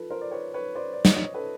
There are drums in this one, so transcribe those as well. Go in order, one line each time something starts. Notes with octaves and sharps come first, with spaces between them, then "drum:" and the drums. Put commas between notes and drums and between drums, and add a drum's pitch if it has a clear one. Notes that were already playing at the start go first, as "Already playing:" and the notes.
Already playing: F3 A4 B4
A#4 C5
D5
B4 C#5
B4 C#5
C5 D5
D5
C#5 D#5, drum: snare
A4 B4